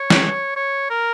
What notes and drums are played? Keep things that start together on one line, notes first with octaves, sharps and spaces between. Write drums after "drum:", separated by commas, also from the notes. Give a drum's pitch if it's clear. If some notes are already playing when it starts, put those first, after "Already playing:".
Already playing: C#5
drum: snare
C#5
A#4